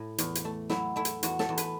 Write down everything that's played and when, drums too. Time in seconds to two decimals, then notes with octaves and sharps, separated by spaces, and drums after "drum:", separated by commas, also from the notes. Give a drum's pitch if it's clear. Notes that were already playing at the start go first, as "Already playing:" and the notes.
Already playing: A2 A3
0.18 E2, drum: hi-hat
0.35 drum: hi-hat
0.45 A3
0.70 F#3 E4, drum: snare
0.96 A3 E4
1.05 drum: hi-hat
1.23 E2 F#4, drum: hi-hat
1.39 A4, drum: snare
1.49 E2
1.58 B4, drum: hi-hat